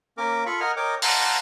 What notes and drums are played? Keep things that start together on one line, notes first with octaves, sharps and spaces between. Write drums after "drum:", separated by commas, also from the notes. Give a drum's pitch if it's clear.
A#3 C#4 A#4 D6
F4 A4 F5 B5 C#6
A#4 D#5 F#5 G#5 F6
A#4 C#5 D#5 G5 D6
F5 F#5 A5 A#5 C6 E6, drum: open hi-hat